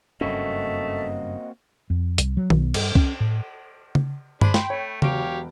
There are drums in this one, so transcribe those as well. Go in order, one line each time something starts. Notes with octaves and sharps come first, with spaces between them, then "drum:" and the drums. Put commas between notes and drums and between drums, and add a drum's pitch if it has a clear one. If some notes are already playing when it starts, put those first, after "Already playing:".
F#1 G2 A3 A#3 C4 C#4 F#4 D#5
F2
C2, drum: hi-hat
F#3
B1, drum: tom D#3
G2, drum: cymbal
C#4, drum: kick C2
A2
drum: tom C#3
D4 G#4 C5 B5, drum: tom G2
G5 C6, drum: snare
A3 C#5
E1 F#3 G4 C#5 F5 D7, drum: tom C#3